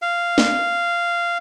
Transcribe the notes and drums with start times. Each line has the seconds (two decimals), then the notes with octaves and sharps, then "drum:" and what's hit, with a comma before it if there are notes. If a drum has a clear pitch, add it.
0.02 F5
0.38 drum: snare